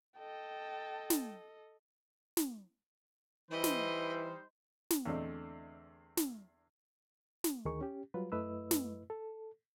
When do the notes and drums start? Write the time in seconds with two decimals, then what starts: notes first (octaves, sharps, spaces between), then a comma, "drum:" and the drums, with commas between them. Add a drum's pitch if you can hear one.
0.19 A4 D#5 G5 A5
1.10 drum: snare
2.37 drum: snare
3.51 E3 G3 D#4 C5 D#5 B5
3.64 drum: snare
4.90 drum: snare
5.06 E2 D3 A3 C4 D5 D#5
6.17 drum: snare
7.44 drum: snare
7.65 D2 D#3 D#4 G#4 A#4 C#6
7.81 C#4 G4
8.14 F#3 G3 F4 B4
8.32 F#2 A3 E4 B4 D#5 E6
8.71 drum: snare
9.10 A4